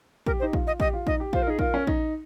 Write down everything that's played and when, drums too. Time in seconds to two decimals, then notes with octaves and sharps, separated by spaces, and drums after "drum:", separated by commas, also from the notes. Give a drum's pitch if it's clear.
0.26 G4 A#4, drum: kick A#1
0.39 C5
0.42 D#4
0.53 F4, drum: kick A#1
0.67 D#5
0.80 G4 D#5, drum: kick A#1
0.93 F4
1.07 D#4 D#5, drum: kick A#1
1.20 G4
1.33 F4 C5, drum: kick A#1
1.42 A#4
1.47 D#4 G#4
1.59 F4 A#4, drum: kick A#1
1.74 C#4
1.87 D#4, drum: kick A#1